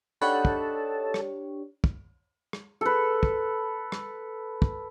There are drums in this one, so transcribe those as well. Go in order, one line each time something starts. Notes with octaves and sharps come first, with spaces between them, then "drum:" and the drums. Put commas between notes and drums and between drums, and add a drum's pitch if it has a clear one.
D4 D#4 G4 A4 C#5 F#5 B5
drum: kick
drum: rim click
drum: kick
drum: rim click
A4 B4
drum: kick
drum: rim click
drum: kick